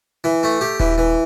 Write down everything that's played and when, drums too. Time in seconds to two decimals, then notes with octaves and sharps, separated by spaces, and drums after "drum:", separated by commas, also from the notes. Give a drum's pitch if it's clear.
0.24 E3
0.43 A3
0.61 G4
0.80 E3, drum: kick D#1
0.98 E3